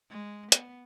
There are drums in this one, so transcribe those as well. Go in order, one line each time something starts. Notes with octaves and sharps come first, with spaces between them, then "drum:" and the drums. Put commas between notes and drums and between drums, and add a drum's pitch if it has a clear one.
G#3
B3, drum: hi-hat